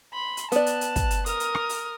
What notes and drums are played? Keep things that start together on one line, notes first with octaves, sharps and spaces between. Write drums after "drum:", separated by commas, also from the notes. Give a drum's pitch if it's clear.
B5 C6
drum: hi-hat
B3 D5 A5 F#6, drum: hi-hat
drum: hi-hat
drum: hi-hat
drum: kick, hi-hat
drum: hi-hat
A#4 D#6 F6, drum: hi-hat
drum: hi-hat
drum: rim click
drum: open hi-hat